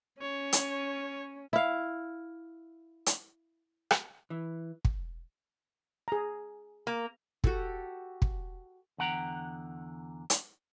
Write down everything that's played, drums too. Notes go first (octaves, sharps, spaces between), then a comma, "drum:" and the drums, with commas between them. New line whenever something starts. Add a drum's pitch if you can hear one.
C#4 C#5
drum: hi-hat
E4 F5
drum: hi-hat
drum: rim click
E3
drum: kick
G#4 A#5
A#3
F#4 G4 A4, drum: kick
drum: kick
E2 D3 F#5 G5 A#5
drum: hi-hat